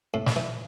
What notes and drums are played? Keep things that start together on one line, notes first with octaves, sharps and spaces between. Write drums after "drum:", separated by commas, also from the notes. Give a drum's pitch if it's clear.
A2
drum: snare
E3